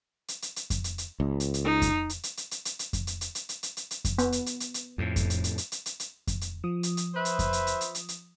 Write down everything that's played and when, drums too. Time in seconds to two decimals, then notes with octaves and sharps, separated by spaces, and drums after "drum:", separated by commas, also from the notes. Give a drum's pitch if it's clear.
0.28 drum: hi-hat
0.42 drum: hi-hat
0.56 drum: hi-hat
0.70 drum: kick F2, hi-hat
0.84 drum: hi-hat
0.98 drum: hi-hat
1.20 C#2
1.40 drum: hi-hat
1.54 drum: hi-hat
1.65 D#4
1.82 drum: kick F2, hi-hat
2.10 drum: hi-hat
2.23 drum: hi-hat
2.37 drum: hi-hat
2.51 drum: hi-hat
2.65 drum: hi-hat
2.79 drum: hi-hat
2.93 drum: kick F2, hi-hat
3.07 drum: hi-hat
3.21 drum: hi-hat
3.35 drum: hi-hat
3.49 drum: hi-hat
3.63 drum: hi-hat
3.77 drum: hi-hat
3.91 drum: hi-hat
4.05 drum: kick F2, hi-hat
4.18 B3, drum: hi-hat
4.32 drum: hi-hat
4.46 drum: hi-hat
4.60 drum: hi-hat
4.74 drum: hi-hat
4.98 F2 A2
5.16 drum: kick F2, hi-hat
5.30 drum: hi-hat
5.44 drum: hi-hat
5.58 drum: hi-hat
5.72 drum: hi-hat
5.86 drum: hi-hat
6.00 drum: hi-hat
6.27 drum: kick F2, hi-hat
6.41 drum: hi-hat
6.64 F3 D#6
6.83 drum: hi-hat
6.97 drum: hi-hat
7.14 B4 C5 E5
7.25 drum: hi-hat
7.39 drum: kick F2, hi-hat
7.53 drum: hi-hat
7.67 drum: hi-hat
7.81 drum: hi-hat
7.95 drum: hi-hat
8.09 drum: hi-hat